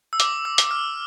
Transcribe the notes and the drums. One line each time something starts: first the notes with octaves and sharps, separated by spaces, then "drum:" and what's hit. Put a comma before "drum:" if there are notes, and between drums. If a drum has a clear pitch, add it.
E6
D6, drum: hi-hat
E6
drum: hi-hat
F6